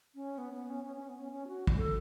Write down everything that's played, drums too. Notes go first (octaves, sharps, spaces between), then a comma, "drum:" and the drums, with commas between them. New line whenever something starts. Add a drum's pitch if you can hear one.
C#4
B3
B3
C#4
C#4
C#4
B3
C#4
C#4
F#4
drum: kick
A4